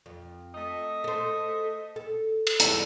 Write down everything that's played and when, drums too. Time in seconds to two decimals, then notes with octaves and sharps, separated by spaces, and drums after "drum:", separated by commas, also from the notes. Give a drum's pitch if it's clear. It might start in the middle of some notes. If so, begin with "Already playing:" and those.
0.06 F2
0.55 A3 D#5
1.04 A4 C5
1.96 A4
2.47 drum: cymbal
2.60 E2 G#2 G3 E4, drum: hi-hat